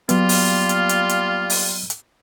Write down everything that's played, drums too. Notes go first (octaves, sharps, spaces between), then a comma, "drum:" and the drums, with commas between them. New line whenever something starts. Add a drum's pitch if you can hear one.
F#3 G3 A#3 B3 F4, drum: hi-hat
drum: open hi-hat
drum: hi-hat
drum: hi-hat
drum: hi-hat
drum: open hi-hat
drum: hi-hat